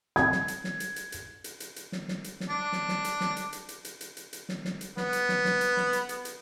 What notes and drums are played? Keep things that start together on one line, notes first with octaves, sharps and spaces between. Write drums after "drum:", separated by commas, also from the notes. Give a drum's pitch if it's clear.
G#6, drum: snare
drum: snare
drum: hi-hat
drum: snare
drum: hi-hat
drum: hi-hat
drum: hi-hat
drum: hi-hat
drum: hi-hat
drum: hi-hat
drum: snare
drum: snare
drum: hi-hat
drum: snare
D4
drum: snare
drum: snare
drum: hi-hat
drum: snare
drum: hi-hat
drum: hi-hat
drum: hi-hat
drum: hi-hat
drum: hi-hat
drum: hi-hat
drum: hi-hat
drum: snare
drum: snare
drum: hi-hat
B3, drum: snare
drum: hi-hat
drum: snare
drum: snare
drum: hi-hat
drum: snare
drum: hi-hat
drum: hi-hat
drum: hi-hat